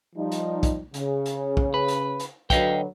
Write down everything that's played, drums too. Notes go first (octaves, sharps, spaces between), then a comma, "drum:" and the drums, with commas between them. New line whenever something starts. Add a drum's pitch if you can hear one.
F3 G3 D#4
drum: hi-hat
drum: kick, hi-hat
C#3, drum: hi-hat
drum: hi-hat
drum: kick
B4
drum: hi-hat
drum: hi-hat
D3 F#3 B4 D#5 F5 G5, drum: kick, hi-hat